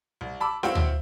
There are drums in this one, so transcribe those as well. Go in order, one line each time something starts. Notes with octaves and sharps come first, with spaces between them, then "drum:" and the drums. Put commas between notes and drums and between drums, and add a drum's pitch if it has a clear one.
C2
A5 B5 D6 E6
C4 E4 F#4 F5 G5, drum: snare C#4
drum: tom